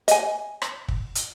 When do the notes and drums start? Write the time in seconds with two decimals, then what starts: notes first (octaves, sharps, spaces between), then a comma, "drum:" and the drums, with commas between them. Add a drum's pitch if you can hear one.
0.08 D#5 G#5, drum: hi-hat
0.62 drum: rim click
0.88 drum: kick
1.15 drum: hi-hat